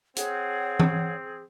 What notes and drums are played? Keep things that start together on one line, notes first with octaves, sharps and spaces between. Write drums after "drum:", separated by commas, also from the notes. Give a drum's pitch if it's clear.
C4 G#4 C#5 F#5, drum: hi-hat
drum: tom E3